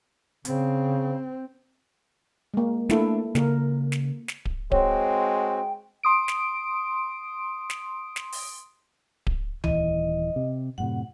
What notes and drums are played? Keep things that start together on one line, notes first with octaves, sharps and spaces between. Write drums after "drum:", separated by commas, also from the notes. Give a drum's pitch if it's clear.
C#3 C4, drum: hi-hat
G#3 A#3
A3 A#3 D4 E4 A4, drum: snare
C#3 A#3 A#4, drum: snare
drum: snare
drum: snare
drum: kick D1
G#3 C4 F#4 C#5 G5, drum: kick D1
C6 D#6 D7
drum: snare
drum: snare
drum: snare
drum: open hi-hat
drum: kick D1
D#1 G#1 E3 D#5, drum: tom C#2
C3
F#2 A2 C3 F#5